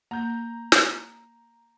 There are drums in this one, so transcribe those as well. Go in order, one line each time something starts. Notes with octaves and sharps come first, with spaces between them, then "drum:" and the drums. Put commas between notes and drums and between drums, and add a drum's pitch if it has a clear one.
A#3 A#5 G6
drum: snare